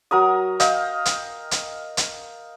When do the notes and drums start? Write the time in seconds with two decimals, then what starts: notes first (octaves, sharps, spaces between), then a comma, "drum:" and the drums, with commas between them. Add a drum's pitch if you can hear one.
0.11 F#3 A#4 D#6
0.60 D#5 F5 G5, drum: hi-hat
1.05 drum: hi-hat
1.51 drum: hi-hat
1.97 drum: hi-hat